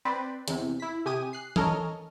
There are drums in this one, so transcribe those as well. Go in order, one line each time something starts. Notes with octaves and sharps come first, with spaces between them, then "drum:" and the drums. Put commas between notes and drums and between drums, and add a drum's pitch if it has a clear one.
C4 B4 C5 D5
E2 C3, drum: hi-hat
E4 B6
C3 G4 G#5 D#6 D#7
F#6 C7
A4 A#4 C#5 D#5 G#5 F6, drum: tom E3